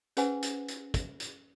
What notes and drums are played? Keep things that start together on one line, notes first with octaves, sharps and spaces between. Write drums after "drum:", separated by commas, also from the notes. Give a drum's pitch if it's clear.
C#4 G#4 B4 C5 F#5 G#5, drum: hi-hat
drum: hi-hat
drum: hi-hat
drum: kick, hi-hat
drum: hi-hat